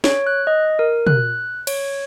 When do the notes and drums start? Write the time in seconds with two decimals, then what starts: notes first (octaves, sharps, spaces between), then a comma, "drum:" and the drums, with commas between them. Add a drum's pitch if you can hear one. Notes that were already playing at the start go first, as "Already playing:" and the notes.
0.04 C#5, drum: snare
0.27 F#6
0.47 D#5
0.79 A#4
1.07 F#6, drum: tom
1.67 C#5, drum: cymbal